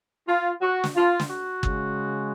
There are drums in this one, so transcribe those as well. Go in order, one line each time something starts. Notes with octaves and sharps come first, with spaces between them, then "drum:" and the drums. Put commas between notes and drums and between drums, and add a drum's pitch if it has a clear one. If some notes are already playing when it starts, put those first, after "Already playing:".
F4
F#4
drum: snare
F4
drum: snare
F#4
C#3 G#3, drum: kick